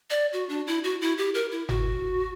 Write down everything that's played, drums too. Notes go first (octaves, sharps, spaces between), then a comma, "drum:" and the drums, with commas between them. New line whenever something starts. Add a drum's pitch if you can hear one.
D5
F#4
D4
E4
F#4
E4
G4
A#4
E4
F#4, drum: tom G1